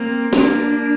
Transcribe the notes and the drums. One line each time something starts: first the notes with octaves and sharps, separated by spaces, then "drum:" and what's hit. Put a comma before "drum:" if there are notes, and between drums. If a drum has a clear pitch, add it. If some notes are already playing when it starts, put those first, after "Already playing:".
Already playing: A#3 C4
A#3 D4, drum: snare